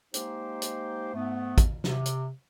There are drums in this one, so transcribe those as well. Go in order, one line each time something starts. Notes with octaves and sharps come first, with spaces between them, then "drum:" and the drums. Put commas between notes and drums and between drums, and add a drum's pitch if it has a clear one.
G#3 A#3 D#4 G4 C5, drum: hi-hat
drum: hi-hat
G#2 A3 B3
drum: kick, hi-hat
C3, drum: snare
drum: hi-hat